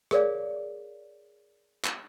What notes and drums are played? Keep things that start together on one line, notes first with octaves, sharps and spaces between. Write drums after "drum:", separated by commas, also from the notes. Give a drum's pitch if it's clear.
G#4 A#4 C#5 D5 F5, drum: rim click
drum: clap